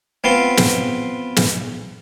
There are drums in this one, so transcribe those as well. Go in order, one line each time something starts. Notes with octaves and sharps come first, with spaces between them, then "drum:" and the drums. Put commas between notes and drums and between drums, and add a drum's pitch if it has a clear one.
B3 C4 F4 C6
drum: snare
drum: snare